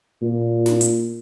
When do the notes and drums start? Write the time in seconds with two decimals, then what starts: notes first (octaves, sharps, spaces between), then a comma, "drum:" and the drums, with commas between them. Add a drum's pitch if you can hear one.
0.21 A#2
0.66 drum: snare
0.81 drum: hi-hat